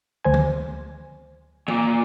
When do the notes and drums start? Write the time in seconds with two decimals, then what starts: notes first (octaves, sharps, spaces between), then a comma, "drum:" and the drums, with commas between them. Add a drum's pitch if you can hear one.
0.24 D2 C5 G#5
0.34 drum: tom
1.68 A#2, drum: tom